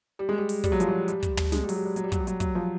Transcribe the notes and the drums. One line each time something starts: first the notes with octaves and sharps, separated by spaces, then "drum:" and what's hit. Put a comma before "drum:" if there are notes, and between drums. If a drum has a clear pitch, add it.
G3
G#3
G3
drum: open hi-hat
G3, drum: kick, hi-hat
F#3
F3, drum: hi-hat
F#3
G3, drum: hi-hat
drum: kick, hi-hat
drum: tom
G#3, drum: snare
G3
F#3, drum: open hi-hat
G3
G3
F#3, drum: hi-hat
G3
F#3, drum: kick, hi-hat
G3
F#3, drum: hi-hat
F#3, drum: kick, hi-hat
F3